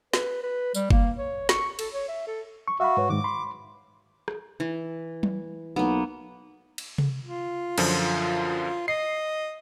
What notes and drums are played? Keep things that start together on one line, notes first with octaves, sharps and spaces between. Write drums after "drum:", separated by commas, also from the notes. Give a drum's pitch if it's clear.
B4, drum: snare
B4
G3, drum: tambourine
A#3, drum: kick F#1
C#5
C#6, drum: snare
A4, drum: cymbal
C#5
E5
A4
C#6
F#4 E5 F5 B5
G#2 B4 C#5
G#2 D#3 D6
B5 C6
drum: rim click
E3
drum: tom F#3
B1 A#3 B3
drum: cymbal
drum: tom C3
F4
F#2 D3 F3, drum: cymbal
D#5 C7